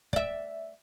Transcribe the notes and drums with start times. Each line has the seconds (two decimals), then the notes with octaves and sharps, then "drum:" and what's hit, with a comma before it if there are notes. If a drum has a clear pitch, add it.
0.13 D5 E5, drum: kick